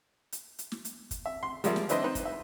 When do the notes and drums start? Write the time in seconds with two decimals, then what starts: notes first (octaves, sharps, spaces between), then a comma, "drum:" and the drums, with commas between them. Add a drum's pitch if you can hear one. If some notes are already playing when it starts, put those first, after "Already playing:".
0.32 drum: hi-hat
0.59 drum: hi-hat
0.72 drum: snare
0.85 drum: hi-hat
1.11 drum: kick, hi-hat
1.26 E5
1.43 C6
1.64 F3 G3 G#3 A#4 D5 E5, drum: hi-hat
1.76 drum: snare
1.89 C4 D4 E4 B4 C5 D#5, drum: hi-hat
2.04 D#4 B4 C5
2.15 drum: kick, hi-hat
2.25 E5